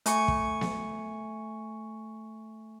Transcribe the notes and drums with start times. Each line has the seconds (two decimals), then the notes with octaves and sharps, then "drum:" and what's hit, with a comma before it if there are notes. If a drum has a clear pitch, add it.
0.06 A3 G#5 C#6 C#7, drum: hi-hat
0.28 drum: kick
0.61 drum: snare B3